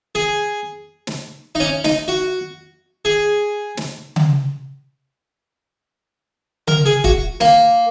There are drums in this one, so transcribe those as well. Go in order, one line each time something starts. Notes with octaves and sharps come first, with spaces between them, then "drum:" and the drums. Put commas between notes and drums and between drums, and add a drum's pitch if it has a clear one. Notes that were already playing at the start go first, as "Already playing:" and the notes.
G#4
drum: snare
D#4
C#4
D#4, drum: snare
F#4
G#4
drum: snare
drum: tom C#3
A#4, drum: tom C#3
G#4
F#4, drum: kick
A#3, drum: snare